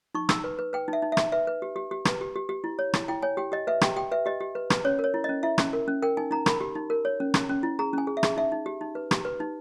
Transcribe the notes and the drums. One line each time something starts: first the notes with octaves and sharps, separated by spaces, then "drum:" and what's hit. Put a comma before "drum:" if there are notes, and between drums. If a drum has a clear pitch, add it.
D#4 C#6
D#4 E6, drum: rim click
B4
B4
B4 G5
D#4
E5
D#4
E5
D#4, drum: rim click
B4 E5
B4
G4
G4
G4
B4, drum: rim click
G4
G4
G4
E4
C#5
E4, drum: rim click
E4 G5
C#5 G#5
G4 G5
G4 D#5
B4 E5
G4 G5, drum: rim click
G4 G5
B4 E5
G4 D#5
G4
B4
B4, drum: rim click
C#4 C#5
A#4
C#5
E4
D#5
C#4
E4 E5
C#4, drum: rim click
A#4
C#4
A#4 G5
D#4 G#5
D#4 A#5
A#4 B5, drum: rim click
G4
D#4
A#4
C#5
C#4
C#4, drum: rim click
C#4
E4
G#4 A#5
C#4 G#5
G#4
E5
G#4, drum: rim click
D#4 E5
D#4
G4
D#4
B4
G4, drum: rim click
B4
D#4